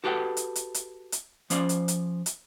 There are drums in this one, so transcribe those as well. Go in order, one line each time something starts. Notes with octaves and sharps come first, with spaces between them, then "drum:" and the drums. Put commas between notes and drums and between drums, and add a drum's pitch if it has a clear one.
F#4 G4 A4 B4 F#5 G5
drum: hi-hat
drum: hi-hat
drum: hi-hat
drum: hi-hat
F3 C#4 C5 D5, drum: hi-hat
drum: hi-hat
drum: hi-hat
drum: hi-hat